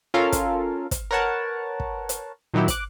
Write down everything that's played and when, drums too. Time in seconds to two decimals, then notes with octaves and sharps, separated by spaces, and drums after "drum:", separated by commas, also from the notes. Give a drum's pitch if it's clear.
0.14 C#4 F4 A4 A#4 F5
0.32 drum: kick, hi-hat
0.91 drum: kick, hi-hat
1.11 A#4 B4 C#5 F#5 A5
1.80 drum: kick
2.09 drum: hi-hat
2.54 A#2 D#3 F#3 E4 G4
2.68 D6 F#6, drum: kick, hi-hat